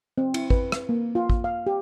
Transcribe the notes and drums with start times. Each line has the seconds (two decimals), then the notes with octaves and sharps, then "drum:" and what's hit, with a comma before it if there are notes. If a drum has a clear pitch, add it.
0.18 C4
0.34 E4, drum: cymbal
0.50 B4, drum: kick
0.72 drum: rim click
0.89 A#3
1.15 F4
1.30 drum: kick
1.44 F5
1.67 G4